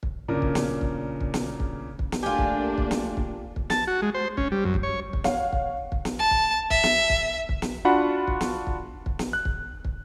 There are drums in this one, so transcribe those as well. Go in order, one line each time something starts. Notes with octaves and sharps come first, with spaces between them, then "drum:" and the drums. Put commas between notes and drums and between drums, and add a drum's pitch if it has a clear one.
drum: kick
A#2 C#3 D4 A#4
drum: kick
drum: snare
drum: kick
drum: kick
drum: snare
drum: kick
drum: kick
drum: snare
A3 A#3 D4 F4 G4 G#5
drum: kick
drum: kick
drum: snare
drum: kick
drum: kick
A5, drum: snare
F#4
G#3
C5
C#4, drum: kick
G3
F#2
drum: kick
C#5
drum: kick
C#5 F5 F#5, drum: snare
drum: kick
drum: kick
drum: snare
A5
drum: kick
E5, drum: kick
drum: snare
drum: kick
drum: kick
drum: snare
D4 F4 F#4 F#5 B5
drum: kick
drum: snare
drum: kick
drum: kick
drum: snare
F#6
drum: kick
drum: kick